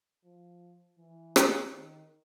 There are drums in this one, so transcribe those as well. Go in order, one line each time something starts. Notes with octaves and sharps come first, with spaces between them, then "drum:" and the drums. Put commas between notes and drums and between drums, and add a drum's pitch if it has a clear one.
F3
E3
drum: rim click
D#3